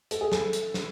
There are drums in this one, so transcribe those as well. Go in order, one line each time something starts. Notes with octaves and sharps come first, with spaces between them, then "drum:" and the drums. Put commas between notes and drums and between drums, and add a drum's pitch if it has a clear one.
A4, drum: hi-hat
G#4
A4, drum: snare
drum: hi-hat
drum: snare